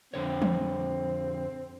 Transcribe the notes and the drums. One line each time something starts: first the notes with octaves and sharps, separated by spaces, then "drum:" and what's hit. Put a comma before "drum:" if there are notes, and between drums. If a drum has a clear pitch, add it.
F2 D3 C4 C#5
drum: tom E3